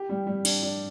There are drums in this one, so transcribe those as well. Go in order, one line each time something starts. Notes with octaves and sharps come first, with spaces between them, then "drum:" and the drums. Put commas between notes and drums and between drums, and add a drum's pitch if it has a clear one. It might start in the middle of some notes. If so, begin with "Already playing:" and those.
Already playing: G4
G3
G3
D4, drum: cymbal
D4